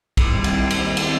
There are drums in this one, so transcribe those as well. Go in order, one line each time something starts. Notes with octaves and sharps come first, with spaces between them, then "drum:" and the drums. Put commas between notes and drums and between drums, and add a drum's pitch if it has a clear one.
D#2 D#3 G3 C4 E4, drum: kick, cymbal
drum: cymbal
drum: cymbal
drum: cymbal